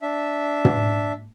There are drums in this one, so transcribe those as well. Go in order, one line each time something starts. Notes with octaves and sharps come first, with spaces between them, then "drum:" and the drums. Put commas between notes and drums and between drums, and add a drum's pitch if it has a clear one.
D4 E5
drum: tom